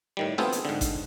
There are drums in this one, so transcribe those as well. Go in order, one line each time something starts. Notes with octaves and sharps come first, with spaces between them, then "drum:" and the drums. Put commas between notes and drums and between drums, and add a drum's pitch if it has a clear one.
A2 D#3 G3
B3 C4 F4 G#4 A4 G5, drum: snare D4
drum: hi-hat
G#2 D3
drum: kick G#1, hi-hat